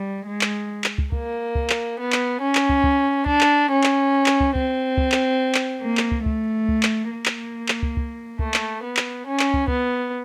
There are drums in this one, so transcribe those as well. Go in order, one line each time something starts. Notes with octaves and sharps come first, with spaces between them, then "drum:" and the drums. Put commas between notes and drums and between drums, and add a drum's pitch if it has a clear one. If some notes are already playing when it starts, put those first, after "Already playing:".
Already playing: G3
G#3
drum: clap
drum: clap
drum: kick
A#3, drum: kick
drum: kick
drum: clap
B3
drum: clap
C#4
drum: clap
drum: kick
drum: kick
D4, drum: kick
drum: clap
C#4
drum: clap
drum: clap
drum: kick
C4, drum: kick
drum: kick
drum: clap
drum: clap
A#3
drum: clap
drum: kick
A3, drum: kick
drum: kick
drum: clap
A#3
drum: clap
drum: clap
drum: kick
drum: kick
A3, drum: kick
drum: clap
B3
drum: clap
C#4
drum: clap
drum: kick
B3, drum: kick